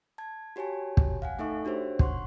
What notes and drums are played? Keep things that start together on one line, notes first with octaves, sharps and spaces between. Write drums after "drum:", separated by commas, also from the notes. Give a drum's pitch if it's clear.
A5 G#6
F#4 G4 C#5 G#5 A5
drum: kick
F5 F#5 G#5
A3 D#4 A4 E5 C#6
D4 F#4 G4 C5 C#5
F#5 C6 C#6, drum: kick